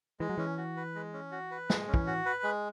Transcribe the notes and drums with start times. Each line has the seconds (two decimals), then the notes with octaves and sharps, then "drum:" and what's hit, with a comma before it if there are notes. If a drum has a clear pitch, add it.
0.20 E3 G#3
0.29 F#3
0.38 E3 C#4
0.57 F#4
0.77 B4
0.95 G#3
1.13 C#4
1.32 F#4
1.51 B4
1.70 G#3, drum: snare
1.88 C#4
1.94 E3, drum: kick
2.07 F#4
2.26 B4
2.43 G#3